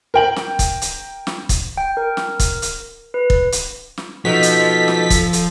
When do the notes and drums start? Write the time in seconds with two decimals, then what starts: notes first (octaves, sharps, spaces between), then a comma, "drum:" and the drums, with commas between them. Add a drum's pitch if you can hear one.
0.14 A#4 G5 F#7
0.36 drum: snare
0.59 drum: kick, hi-hat
0.82 drum: hi-hat
1.27 drum: snare
1.49 drum: kick, hi-hat
1.77 G5
1.97 A#4
2.17 drum: snare
2.40 drum: kick, hi-hat
2.62 drum: hi-hat
3.14 B4
3.30 drum: kick
3.52 drum: hi-hat
3.98 drum: snare
4.25 B2 F3 D#4 A4 B6
4.43 drum: hi-hat
4.88 drum: snare
5.10 drum: kick, hi-hat
5.33 drum: hi-hat